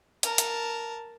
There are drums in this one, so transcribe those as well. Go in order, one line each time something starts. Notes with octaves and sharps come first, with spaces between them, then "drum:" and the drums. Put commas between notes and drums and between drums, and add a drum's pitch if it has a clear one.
A#4 A5, drum: hi-hat
drum: hi-hat